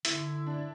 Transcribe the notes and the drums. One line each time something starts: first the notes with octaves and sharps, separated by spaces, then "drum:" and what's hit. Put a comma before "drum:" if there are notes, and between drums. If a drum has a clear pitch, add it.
D3 E4, drum: hi-hat
D4